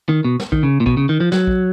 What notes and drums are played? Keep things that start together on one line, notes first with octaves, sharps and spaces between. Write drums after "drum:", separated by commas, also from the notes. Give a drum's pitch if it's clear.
D#3
B2
drum: snare
D#3, drum: kick A#1
C#3
A#2
B2, drum: kick A#1
C#3
D#3
F3
F#3, drum: snare
drum: kick A#1